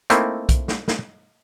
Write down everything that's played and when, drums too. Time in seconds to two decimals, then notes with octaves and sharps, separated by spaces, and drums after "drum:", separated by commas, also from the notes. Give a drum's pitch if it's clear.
0.10 A3 A#3 C4 D#4 E4, drum: hi-hat
0.49 drum: kick B1, hi-hat
0.68 drum: snare
0.88 drum: snare